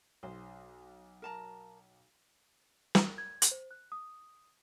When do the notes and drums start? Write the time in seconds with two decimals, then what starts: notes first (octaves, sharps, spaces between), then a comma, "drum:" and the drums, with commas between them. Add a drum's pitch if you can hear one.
0.23 B1 C5
1.22 A#4 A5 A#5
2.95 drum: snare
3.18 G#6
3.42 drum: hi-hat
3.51 C5
3.71 F#6
3.92 D#6